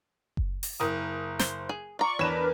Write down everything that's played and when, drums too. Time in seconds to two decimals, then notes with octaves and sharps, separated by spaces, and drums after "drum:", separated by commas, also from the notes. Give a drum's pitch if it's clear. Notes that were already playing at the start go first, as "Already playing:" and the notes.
0.37 drum: kick F#1
0.63 drum: open hi-hat
0.80 F#1 A#4 D#6
1.39 C5, drum: snare
1.69 G#4
1.99 F4 D5 A#5 C#6
2.19 E2 D4 A#4 B4 C#5 E7